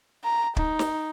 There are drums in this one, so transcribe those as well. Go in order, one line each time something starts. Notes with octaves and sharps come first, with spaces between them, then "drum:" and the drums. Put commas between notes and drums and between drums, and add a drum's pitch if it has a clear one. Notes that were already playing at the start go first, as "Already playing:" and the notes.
A#5
D#4, drum: kick
drum: snare